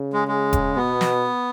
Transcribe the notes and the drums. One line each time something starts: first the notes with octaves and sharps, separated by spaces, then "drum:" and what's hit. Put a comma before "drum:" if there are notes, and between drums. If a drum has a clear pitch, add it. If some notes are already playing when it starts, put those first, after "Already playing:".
Already playing: C#3
G#3
G#3
drum: kick E1, hi-hat
B2 B3
drum: snare